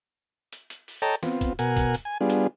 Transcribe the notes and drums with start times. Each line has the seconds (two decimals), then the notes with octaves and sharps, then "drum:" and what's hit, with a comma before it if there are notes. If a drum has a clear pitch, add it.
0.53 drum: hi-hat
0.70 drum: hi-hat
0.88 drum: open hi-hat
1.02 A4 C#5 D#5 G5 A5 A#5
1.23 B3 C4 F4, drum: snare
1.41 drum: kick, hi-hat
1.59 B2 A#4 F#5 G#5, drum: hi-hat
1.77 drum: kick, hi-hat
1.94 drum: hi-hat
2.05 G#5
2.21 G3 B3 D4 F4 G#4
2.30 drum: hi-hat